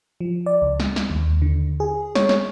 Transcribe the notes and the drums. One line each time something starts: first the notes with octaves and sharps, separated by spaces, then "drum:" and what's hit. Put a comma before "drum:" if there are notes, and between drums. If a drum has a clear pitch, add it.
F3
D5
C#2
drum: snare
drum: snare
D#2
D3
G#4
C#5, drum: snare
drum: snare